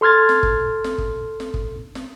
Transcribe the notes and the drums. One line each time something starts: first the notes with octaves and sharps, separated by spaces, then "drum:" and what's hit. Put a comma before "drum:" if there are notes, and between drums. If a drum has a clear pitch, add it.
A4 C6 F6 G#6 A6
drum: snare
drum: kick
drum: snare
drum: kick
drum: snare
drum: kick
drum: snare